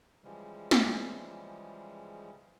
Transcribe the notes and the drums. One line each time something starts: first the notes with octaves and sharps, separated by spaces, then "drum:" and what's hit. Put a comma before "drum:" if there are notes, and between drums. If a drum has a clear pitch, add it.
C#3 E3 F3 G3 G#3
drum: snare